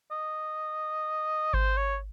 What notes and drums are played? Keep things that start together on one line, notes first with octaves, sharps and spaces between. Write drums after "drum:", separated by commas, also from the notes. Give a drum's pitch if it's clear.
D#5
C5, drum: kick G#1
C#5